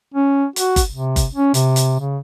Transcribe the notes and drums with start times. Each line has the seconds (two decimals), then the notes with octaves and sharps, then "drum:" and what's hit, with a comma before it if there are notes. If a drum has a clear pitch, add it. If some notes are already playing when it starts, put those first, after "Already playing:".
0.14 C#4
0.56 F#4, drum: hi-hat
0.76 drum: kick F#1, hi-hat
0.92 C3
1.16 drum: kick F#1, hi-hat
1.35 C#4
1.54 C3, drum: hi-hat
1.76 drum: hi-hat
2.00 C#3